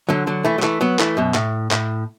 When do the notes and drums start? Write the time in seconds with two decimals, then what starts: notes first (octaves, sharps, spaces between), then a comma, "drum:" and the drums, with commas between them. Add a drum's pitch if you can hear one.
0.09 D3 F#3
0.27 D3 F#3
0.44 E3 A3
0.58 F#3
0.62 E3 A3, drum: clap
0.81 F#3 B3
0.99 E3 A3, drum: clap
1.17 F#2 B2
1.34 A2, drum: clap
1.71 A2, drum: clap